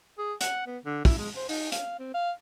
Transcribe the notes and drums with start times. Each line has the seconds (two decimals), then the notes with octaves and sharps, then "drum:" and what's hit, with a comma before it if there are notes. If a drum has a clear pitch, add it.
0.18 G#4
0.41 F#5, drum: hi-hat
0.67 B3
0.85 D3
1.05 E4, drum: kick, open hi-hat
1.18 G#3
1.36 C5
1.49 D#4, drum: open hi-hat
1.72 F5, drum: hi-hat
1.99 C4
2.14 F5